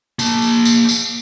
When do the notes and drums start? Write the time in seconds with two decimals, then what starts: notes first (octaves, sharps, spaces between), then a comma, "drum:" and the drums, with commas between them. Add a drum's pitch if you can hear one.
0.19 A#3 A5, drum: tambourine
0.42 drum: tambourine
0.65 drum: tambourine
0.89 drum: tambourine